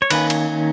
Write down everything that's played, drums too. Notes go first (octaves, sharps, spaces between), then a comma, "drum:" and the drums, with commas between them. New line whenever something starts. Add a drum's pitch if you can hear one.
C#5
D#3 A#3 C#4 B4, drum: cymbal
drum: cymbal